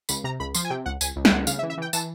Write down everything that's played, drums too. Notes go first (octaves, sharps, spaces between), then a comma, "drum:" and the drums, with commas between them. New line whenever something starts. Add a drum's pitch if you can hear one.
C#2 B5, drum: tambourine
C3 A#5
C#2 B5
F3 C6, drum: tambourine
G#5
C3 G5
C#2 F#5
C#2 G#5, drum: tambourine
C#2
G5, drum: snare
C#2 F#5
C#3 F5, drum: tambourine
E5
E3
E5
E3 G5
E3 A5, drum: tambourine